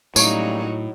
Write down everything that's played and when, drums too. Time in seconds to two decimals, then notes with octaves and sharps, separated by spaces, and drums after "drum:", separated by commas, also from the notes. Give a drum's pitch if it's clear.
0.16 A2 F#3 G3 A#3 C#4 D#4 F#4 C#5, drum: tambourine